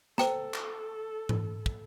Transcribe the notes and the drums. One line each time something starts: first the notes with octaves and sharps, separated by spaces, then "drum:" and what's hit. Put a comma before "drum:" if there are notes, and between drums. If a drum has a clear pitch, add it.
A4 C5 G5 A#5, drum: snare
drum: clap
drum: tom G#2
drum: kick